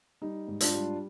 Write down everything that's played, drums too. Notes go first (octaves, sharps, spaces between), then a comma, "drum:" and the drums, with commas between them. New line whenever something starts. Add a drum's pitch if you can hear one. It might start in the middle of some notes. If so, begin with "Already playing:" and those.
G3 D#4
G#2
D4 F4, drum: hi-hat
G3